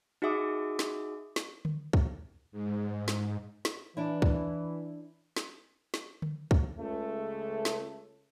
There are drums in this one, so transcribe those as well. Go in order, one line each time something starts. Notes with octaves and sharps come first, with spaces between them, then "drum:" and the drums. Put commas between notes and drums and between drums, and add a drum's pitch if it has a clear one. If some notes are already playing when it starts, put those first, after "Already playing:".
D#4 F#4 G#4 E5 D6 D#6
drum: snare
drum: snare
drum: tom D3
drum: kick
G#2
drum: snare
drum: snare
E3 D4 E4
drum: kick
drum: snare
drum: snare
drum: tom D3
drum: kick
C#2 A3
drum: snare